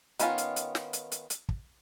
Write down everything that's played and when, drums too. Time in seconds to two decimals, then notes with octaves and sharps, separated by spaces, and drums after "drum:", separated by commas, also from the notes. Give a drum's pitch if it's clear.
0.20 D#3 B3 C#4 D4 F4, drum: hi-hat
0.38 drum: hi-hat
0.56 drum: hi-hat
0.75 drum: snare
0.93 drum: hi-hat
1.12 drum: hi-hat
1.30 drum: hi-hat
1.49 drum: kick